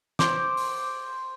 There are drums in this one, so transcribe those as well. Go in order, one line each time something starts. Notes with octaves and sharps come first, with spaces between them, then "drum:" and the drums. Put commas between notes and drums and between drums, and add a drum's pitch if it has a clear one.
C5 D6, drum: snare
drum: open hi-hat